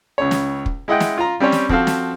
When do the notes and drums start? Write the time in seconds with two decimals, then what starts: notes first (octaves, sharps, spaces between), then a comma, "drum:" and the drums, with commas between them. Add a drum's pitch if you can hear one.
0.18 C#2 C#3 C#5
0.31 drum: snare
0.66 drum: kick
0.88 G#3 E4 D#5 F#5 G5
1.00 drum: snare
1.18 F4 A#5
1.40 G3 C4 C#4 C#5
1.52 drum: snare
1.69 F3 C4 F#4 A4 F5, drum: kick
1.87 drum: snare